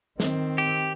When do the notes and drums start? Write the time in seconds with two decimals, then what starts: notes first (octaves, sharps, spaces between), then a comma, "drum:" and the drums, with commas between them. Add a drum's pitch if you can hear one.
0.20 D#3 C4, drum: snare
0.58 G4